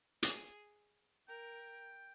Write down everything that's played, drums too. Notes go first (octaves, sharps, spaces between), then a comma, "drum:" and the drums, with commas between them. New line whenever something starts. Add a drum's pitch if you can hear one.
G#4, drum: hi-hat
A#4 G5